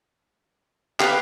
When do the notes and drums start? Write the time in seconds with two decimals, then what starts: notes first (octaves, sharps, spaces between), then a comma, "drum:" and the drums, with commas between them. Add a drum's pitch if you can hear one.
1.00 B3 G4 B4 F5, drum: clap